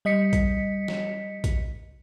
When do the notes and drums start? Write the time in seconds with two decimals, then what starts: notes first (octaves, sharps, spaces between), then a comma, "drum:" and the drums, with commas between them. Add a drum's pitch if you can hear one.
0.05 G3 D#5 B6 C#7
0.33 drum: kick, hi-hat
0.88 drum: snare
1.44 drum: kick, hi-hat